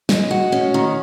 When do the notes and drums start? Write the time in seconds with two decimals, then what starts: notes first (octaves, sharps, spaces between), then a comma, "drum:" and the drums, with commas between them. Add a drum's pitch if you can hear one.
0.09 G#3, drum: snare
0.31 F#4
0.52 C#4
0.74 D#3